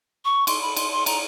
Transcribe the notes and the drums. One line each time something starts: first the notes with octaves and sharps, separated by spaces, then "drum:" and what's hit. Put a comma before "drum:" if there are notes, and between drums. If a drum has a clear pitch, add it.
C#6
C6, drum: cymbal
B5
C6, drum: cymbal
C6
A#5, drum: cymbal